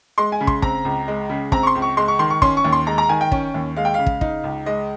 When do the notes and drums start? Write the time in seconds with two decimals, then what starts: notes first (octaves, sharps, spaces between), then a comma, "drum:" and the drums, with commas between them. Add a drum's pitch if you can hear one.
0.18 G#3 C6
0.32 G#5
0.41 C#3
0.47 C6, drum: kick
0.62 C4 A#5, drum: kick
0.85 C#2
1.08 G#3
1.30 C#3
1.52 C4 A#5, drum: kick
1.63 C#6
1.67 C6
1.75 C#2
1.82 C#6
1.97 G#3 C6
2.08 C#6
2.19 D#3 C6
2.30 C#6
2.42 C#4 C6, drum: kick
2.57 C#6
2.64 D#2
2.72 C6
2.87 G#3 A#5
2.98 A#5
3.09 D#3 G#5
3.21 G5
3.32 C#4, drum: kick
3.54 D#2
3.76 G#3 F5
3.85 G5
3.94 C#3 F5
4.06 drum: kick
4.21 D#4, drum: kick
4.44 C#2
4.66 G#3 D#5